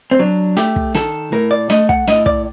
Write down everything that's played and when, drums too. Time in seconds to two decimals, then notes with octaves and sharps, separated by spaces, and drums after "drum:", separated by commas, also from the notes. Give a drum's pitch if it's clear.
0.11 C4
0.19 F#3 D4
0.57 A3 G4, drum: snare
0.76 drum: kick
0.94 D#3 A4, drum: snare
1.32 A2 A#4
1.51 D5
1.70 A3 D#5, drum: snare
1.89 F#5, drum: kick
2.07 A2 D#5, drum: snare
2.26 D5, drum: kick